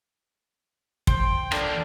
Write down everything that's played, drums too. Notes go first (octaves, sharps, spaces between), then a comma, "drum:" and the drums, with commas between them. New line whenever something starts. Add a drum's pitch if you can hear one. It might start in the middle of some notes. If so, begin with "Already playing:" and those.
C5 G5, drum: kick
D3 F3 A#3 D5, drum: rim click